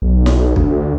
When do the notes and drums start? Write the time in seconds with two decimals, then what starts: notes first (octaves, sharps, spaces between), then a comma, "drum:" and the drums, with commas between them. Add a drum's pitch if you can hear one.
0.02 B1
0.26 drum: snare
0.56 D2, drum: kick B1